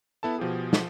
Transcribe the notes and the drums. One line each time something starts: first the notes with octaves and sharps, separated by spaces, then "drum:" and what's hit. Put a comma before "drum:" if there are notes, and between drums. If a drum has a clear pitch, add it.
B3 E4 A4 A5
B2 F3 G4 G#4
F3, drum: snare